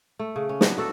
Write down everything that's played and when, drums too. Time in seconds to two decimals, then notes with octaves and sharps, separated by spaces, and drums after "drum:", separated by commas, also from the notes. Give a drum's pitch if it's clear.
0.19 A3
0.36 C#3
0.49 C#4
0.61 F#3 B3 D4, drum: snare
0.77 A3 F#4 A4